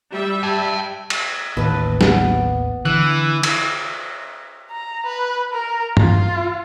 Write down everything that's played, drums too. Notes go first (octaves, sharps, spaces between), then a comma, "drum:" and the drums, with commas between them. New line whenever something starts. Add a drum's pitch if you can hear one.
G3 E5
G5 A5
drum: cymbal
A1 D#2 B4 A5
B3 D5, drum: snare
D3 E3 F#6
drum: cymbal
A#5
B4
A#4
F4, drum: tom G2